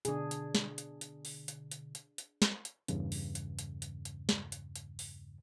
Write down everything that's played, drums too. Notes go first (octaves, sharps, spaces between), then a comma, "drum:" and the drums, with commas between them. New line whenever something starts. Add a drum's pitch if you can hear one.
B2 D3 D4 G#4, drum: hi-hat
drum: hi-hat
drum: snare
drum: hi-hat
drum: hi-hat
drum: open hi-hat
drum: hi-hat
drum: hi-hat
drum: hi-hat
drum: hi-hat
drum: snare
drum: hi-hat
E2 G2 C#3, drum: hi-hat
drum: open hi-hat
drum: hi-hat
drum: hi-hat
drum: hi-hat
drum: hi-hat
drum: snare
drum: hi-hat
drum: hi-hat
drum: open hi-hat